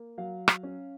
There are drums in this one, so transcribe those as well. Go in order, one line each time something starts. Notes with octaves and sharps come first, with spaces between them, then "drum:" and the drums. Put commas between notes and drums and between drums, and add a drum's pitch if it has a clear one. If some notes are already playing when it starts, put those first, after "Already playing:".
Already playing: A#3
F#3 F5
drum: rim click
C#4